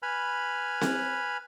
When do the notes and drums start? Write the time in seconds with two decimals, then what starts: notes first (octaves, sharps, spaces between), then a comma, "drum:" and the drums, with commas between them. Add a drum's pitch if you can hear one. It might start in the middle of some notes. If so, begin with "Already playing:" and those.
0.03 B4 G#5 B5 F6
0.82 drum: snare C4